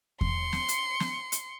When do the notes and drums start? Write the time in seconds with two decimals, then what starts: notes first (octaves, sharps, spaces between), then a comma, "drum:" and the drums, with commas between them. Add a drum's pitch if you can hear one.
0.21 C6 C#7, drum: kick E2
0.53 drum: snare
0.68 drum: hi-hat
1.00 drum: snare
1.32 drum: hi-hat